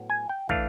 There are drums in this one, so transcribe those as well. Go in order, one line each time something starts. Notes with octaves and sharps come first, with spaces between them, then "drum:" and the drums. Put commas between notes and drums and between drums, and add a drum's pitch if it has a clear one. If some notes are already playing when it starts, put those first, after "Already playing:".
Already playing: A2 F#3 B3
G#5
G5
E3 A3 D4 F5, drum: kick